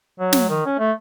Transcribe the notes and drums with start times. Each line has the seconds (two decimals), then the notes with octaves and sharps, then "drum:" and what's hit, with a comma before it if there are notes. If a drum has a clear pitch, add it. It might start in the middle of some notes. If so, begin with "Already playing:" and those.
0.20 F#3
0.33 drum: snare
0.49 D#3
0.66 C#4
0.79 A3